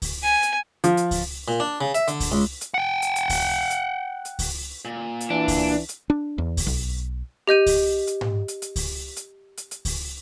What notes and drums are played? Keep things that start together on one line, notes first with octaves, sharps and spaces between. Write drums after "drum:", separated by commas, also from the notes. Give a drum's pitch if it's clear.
drum: kick C#2, open hi-hat
G#5
drum: hi-hat
F3, drum: hi-hat
drum: hi-hat
drum: kick C#2, open hi-hat
A#2
D4
C#3
E5, drum: hi-hat
D3, drum: hi-hat
drum: kick C#2, open hi-hat
C#2
drum: hi-hat
F#5 G5
drum: hi-hat
drum: hi-hat
drum: kick C#2, open hi-hat
drum: hi-hat
drum: hi-hat
drum: kick C#2, open hi-hat
A#2
drum: hi-hat
E3 D4
drum: kick C#2, open hi-hat
drum: hi-hat
D4
E2
drum: kick C#2, open hi-hat
B1
G4 D#5 G6 D#7
drum: kick C#2, open hi-hat
drum: hi-hat
drum: tom G#2
drum: hi-hat
drum: hi-hat
drum: kick C#2, open hi-hat
drum: hi-hat
drum: hi-hat
drum: hi-hat
drum: kick C#2, open hi-hat